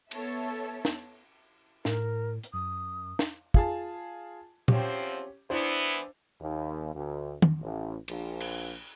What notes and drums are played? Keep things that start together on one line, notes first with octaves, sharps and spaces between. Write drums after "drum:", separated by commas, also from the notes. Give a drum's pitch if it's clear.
B3 A4 C#5 E5, drum: cymbal
drum: snare
A2 A#4, drum: snare
drum: hi-hat
F#2 D#6
drum: snare
F4 G#4 A5, drum: kick
E2 F3 C4 C#4 G4, drum: tom A#2
E3 B3 D4 E4 C5
D#2
D2
drum: tom D#3
A1
A#1, drum: cymbal
drum: cymbal